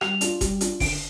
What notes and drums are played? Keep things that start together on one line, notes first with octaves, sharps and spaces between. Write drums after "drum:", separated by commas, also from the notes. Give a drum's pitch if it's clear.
G3 F7, drum: rim click
D4 F4, drum: hi-hat
G3, drum: kick F#1, hi-hat
D4 F4, drum: hi-hat
D3 D7, drum: kick F#1, open hi-hat